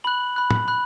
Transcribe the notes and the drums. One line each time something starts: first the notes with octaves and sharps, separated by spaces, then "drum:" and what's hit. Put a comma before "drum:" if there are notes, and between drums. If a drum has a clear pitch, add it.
B5 F#6 F#7
B5 F#6
drum: tom
B5 F#6